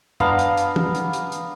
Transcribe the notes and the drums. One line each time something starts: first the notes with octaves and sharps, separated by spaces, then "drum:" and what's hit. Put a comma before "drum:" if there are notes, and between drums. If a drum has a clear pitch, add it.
B3 D4 F5 A#5, drum: tom F#2
drum: hi-hat
drum: hi-hat
drum: tom
drum: hi-hat
drum: hi-hat
drum: hi-hat